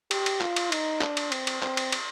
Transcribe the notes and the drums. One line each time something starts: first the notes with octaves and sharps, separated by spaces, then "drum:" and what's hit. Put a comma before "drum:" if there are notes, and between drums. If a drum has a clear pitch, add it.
G4, drum: cymbal
drum: cymbal
F4, drum: clap
drum: cymbal
D#4, drum: cymbal
D4, drum: clap
drum: cymbal
C4, drum: cymbal
drum: cymbal
C4, drum: clap
drum: cymbal
drum: cymbal